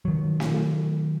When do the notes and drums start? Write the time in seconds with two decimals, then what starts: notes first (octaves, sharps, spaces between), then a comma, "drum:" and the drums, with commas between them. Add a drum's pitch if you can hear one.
0.05 D#3 F#3
0.40 drum: snare